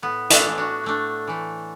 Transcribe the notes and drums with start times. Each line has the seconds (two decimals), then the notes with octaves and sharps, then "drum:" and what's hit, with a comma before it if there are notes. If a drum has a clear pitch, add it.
0.02 A2 B3
0.30 A3 D4, drum: hi-hat
0.44 E3 A3
0.58 D4 F#4
0.84 A2 A3 D4
1.27 E3 A3